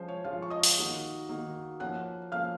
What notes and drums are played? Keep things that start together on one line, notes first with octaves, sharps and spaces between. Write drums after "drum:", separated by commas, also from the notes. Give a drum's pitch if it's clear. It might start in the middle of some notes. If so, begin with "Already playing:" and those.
Already playing: F3 G#3 C#4 C5
C#5
F3 G#3 C#4 F4 F5
C#6
D#5 D#6
drum: open hi-hat
D#3 A#3 D#4 F#4
D#3 A#3 D#4 F#4
F3 A#3 C#4 F#5 F#6
F3 A#3 C#4 F5 F6